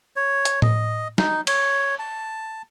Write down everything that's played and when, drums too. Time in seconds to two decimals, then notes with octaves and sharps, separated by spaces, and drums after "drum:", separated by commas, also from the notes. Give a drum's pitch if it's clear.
0.16 C#5
0.45 drum: hi-hat
0.62 D#5, drum: tom A2
1.18 D#4, drum: snare
1.47 C#5, drum: cymbal
1.99 A5